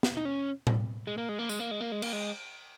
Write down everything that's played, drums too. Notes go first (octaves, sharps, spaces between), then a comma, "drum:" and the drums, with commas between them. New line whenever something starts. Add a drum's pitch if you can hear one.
drum: snare
D#4
C#4
drum: tom A2
G#3
A#3
G#3
A#3
G#3, drum: tambourine
A#3
G#3
A#3
G#3
A#3, drum: cymbal
G#3